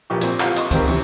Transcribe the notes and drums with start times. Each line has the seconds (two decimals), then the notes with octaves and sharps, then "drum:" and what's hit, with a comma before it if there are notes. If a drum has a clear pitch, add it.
0.10 A#1 A#2 G4 C#6
0.21 A#2 C4, drum: hi-hat
0.40 C4 F4 G4 F5 F#5 F6, drum: clap
0.56 D#5 C6 C#6, drum: hi-hat
0.71 D#2 C4 G4 A#4, drum: kick C#2, hi-hat
0.88 E2 C3 C#4 C#6, drum: open hi-hat